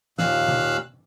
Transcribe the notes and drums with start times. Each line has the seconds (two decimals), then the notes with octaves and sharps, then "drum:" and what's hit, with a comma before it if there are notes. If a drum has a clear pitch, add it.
0.19 D#2 A#2 F5 E6 F#6, drum: snare
0.48 drum: tom B2